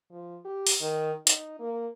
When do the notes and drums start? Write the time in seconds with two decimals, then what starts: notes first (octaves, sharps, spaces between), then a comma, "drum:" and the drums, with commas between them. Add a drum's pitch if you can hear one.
0.11 F3
0.45 G4
0.67 drum: open hi-hat
0.81 D#3
1.27 D#4, drum: hi-hat
1.59 A#3